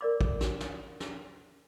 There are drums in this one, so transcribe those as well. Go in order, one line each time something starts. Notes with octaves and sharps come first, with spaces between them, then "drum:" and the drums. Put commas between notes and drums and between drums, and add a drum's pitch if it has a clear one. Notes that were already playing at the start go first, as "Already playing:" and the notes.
A#4 D5 D6
drum: kick
drum: snare
drum: snare
drum: snare